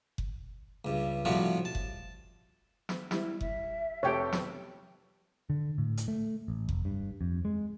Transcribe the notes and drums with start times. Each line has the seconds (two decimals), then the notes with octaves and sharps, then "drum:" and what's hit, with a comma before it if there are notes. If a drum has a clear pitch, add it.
0.18 drum: kick F#1
0.85 C#2 G2
1.25 A2 C3 F3 G3 F#4
1.65 A5
1.75 drum: kick F#1
2.89 drum: snare
3.11 G3 E4, drum: snare
3.41 E5, drum: kick F#1
4.03 F1 G4 A4 C#5 G5
4.32 drum: snare
5.50 D3
5.78 A2
5.97 drum: hi-hat
6.08 A3
6.48 A1
6.69 F1, drum: kick F#1
6.85 G2
7.21 F2
7.45 G#3